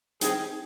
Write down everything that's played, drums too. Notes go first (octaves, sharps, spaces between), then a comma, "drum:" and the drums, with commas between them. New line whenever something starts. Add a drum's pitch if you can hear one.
D#3 G3 C4 D#4 G4 G#4, drum: hi-hat